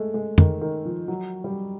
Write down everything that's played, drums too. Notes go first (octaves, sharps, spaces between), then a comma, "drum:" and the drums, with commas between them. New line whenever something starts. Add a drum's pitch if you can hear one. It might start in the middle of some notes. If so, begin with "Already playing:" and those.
Already playing: G#3 A3
G#3
D#3, drum: tom F2
D#3
F3
F#3
G3